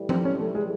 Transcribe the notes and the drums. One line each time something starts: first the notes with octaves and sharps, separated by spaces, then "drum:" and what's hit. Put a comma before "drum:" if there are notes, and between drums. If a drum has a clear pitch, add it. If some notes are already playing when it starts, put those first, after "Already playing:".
Already playing: A2 E3 G3
C4, drum: tom F3
C#4
A3
G#3